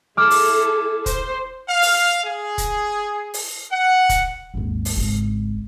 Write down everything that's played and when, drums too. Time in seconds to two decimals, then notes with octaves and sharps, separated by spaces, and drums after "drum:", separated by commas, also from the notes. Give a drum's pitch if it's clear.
0.17 E4 G#4 A4 D6 F6
0.31 drum: open hi-hat
1.06 C5, drum: kick, hi-hat
1.67 F5
1.82 drum: open hi-hat
2.24 G#4
2.58 drum: kick, hi-hat
3.34 drum: open hi-hat
3.71 F#5
4.09 drum: kick, hi-hat
4.54 G#1 D#2
4.85 drum: open hi-hat
4.97 G#1 C#2